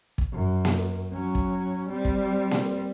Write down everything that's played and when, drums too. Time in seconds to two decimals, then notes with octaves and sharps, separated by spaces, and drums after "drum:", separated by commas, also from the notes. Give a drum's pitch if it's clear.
0.18 drum: kick
0.32 F#2
0.65 drum: snare A#3
1.11 F#3 C#4
1.35 drum: kick
1.90 G3 C4
2.05 drum: kick
2.51 drum: snare A#3